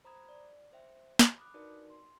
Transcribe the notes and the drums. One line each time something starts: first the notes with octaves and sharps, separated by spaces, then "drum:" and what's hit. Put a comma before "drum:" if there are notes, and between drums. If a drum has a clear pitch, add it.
C5 A#5 B5 D#6 G#6
D5
C5 E5 G5
drum: snare
B5 D6 D#6 F#6
D4 D#4 F#4 A#4 B4 D5
C6